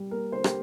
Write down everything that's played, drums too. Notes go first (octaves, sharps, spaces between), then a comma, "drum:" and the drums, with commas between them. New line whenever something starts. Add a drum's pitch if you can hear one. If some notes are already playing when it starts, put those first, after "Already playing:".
Already playing: G3
A#3 A#4
D3 C5
G4, drum: rim click